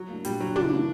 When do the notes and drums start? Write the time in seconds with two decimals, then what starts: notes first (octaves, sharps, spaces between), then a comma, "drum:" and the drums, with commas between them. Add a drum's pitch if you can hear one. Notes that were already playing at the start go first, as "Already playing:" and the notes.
Already playing: F#3
0.09 A#3 D4
0.25 A#2 G3, drum: hi-hat
0.40 F#3 A#3 D4
0.56 C#3 D4, drum: tom
0.71 E3 A#3 E4